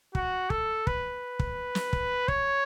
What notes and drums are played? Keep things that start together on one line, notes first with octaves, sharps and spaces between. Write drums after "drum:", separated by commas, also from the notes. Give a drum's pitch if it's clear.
F#4, drum: kick
A4, drum: kick
B4, drum: kick
drum: kick
drum: snare
drum: kick
C#5, drum: kick